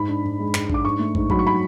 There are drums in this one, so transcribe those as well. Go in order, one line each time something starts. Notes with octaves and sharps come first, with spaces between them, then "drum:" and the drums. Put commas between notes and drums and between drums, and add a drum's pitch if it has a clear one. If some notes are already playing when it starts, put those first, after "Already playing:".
Already playing: G#2 B5
D4
G#2
G#3
G#2, drum: clap
D4 D6, drum: kick
G#2 C#6
A3
G#2, drum: kick
F#3 B5, drum: kick
C#6
B5